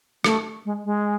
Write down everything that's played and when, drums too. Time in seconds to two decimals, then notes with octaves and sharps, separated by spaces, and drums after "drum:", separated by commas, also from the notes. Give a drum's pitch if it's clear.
0.24 A3, drum: rim click
0.65 G#3
0.85 G#3